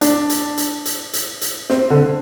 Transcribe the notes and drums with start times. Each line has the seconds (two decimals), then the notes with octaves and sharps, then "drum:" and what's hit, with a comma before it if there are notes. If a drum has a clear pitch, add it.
0.01 D4, drum: hi-hat
0.29 drum: hi-hat
0.57 drum: hi-hat
0.85 drum: hi-hat
1.13 drum: hi-hat
1.41 drum: hi-hat
1.70 C4, drum: snare
1.90 D3